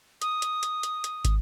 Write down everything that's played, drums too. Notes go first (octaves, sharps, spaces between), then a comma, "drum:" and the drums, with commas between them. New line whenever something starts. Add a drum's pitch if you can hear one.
D#6, drum: hi-hat
drum: hi-hat
drum: hi-hat
drum: hi-hat
drum: hi-hat
drum: kick, hi-hat